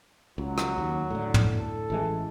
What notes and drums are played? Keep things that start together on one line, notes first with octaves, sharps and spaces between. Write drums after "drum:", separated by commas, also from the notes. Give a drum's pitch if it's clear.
C#2 F#3
drum: rim click
D#2
A2 D3
drum: tom
A4
A1 E3 G#3